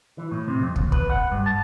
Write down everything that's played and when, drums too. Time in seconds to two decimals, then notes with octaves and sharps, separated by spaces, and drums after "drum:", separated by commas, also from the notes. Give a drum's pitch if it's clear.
0.18 E3
0.31 A2
0.48 C3
0.61 F2
0.76 D#2, drum: kick
0.92 B4, drum: kick
1.10 F#5
1.32 G2
1.46 A5